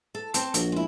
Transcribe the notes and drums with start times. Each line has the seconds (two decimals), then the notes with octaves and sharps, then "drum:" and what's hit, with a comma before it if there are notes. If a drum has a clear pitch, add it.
0.15 A4
0.34 C4 C5 A5, drum: hi-hat
0.54 A#1 F#4, drum: hi-hat
0.72 G#3 E4